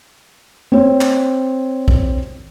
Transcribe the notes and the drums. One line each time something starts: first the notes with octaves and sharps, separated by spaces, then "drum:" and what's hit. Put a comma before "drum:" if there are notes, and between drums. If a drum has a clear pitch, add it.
C4 C#5
drum: clap
drum: kick A#1